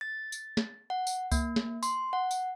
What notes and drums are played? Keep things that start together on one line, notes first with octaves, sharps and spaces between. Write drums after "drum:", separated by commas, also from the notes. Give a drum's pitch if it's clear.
A6
drum: tambourine
drum: snare
F#5
drum: tambourine
A#3, drum: kick C#2, tambourine
drum: snare
C6, drum: tambourine
F#5
drum: tambourine